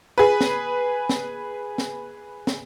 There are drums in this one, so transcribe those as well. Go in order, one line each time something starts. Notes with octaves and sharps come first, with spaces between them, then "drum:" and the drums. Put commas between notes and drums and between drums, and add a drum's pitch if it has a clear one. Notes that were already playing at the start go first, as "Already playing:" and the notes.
G#4 B4
drum: snare
drum: snare
drum: snare
drum: snare